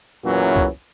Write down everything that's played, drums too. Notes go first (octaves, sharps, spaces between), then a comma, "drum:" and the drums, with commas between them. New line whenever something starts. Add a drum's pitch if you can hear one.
E2 A#2 E3 F#3 C#4
drum: kick C2